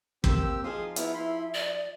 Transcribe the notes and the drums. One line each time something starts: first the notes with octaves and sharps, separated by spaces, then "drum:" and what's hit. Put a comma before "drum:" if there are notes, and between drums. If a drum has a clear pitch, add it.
A#3 C4 G4 C5 E6, drum: kick
F3 D#4 G#4 F5 C6 D#6
B3 E4 E5 F6, drum: hi-hat
E4 B5 C6
D5 D#6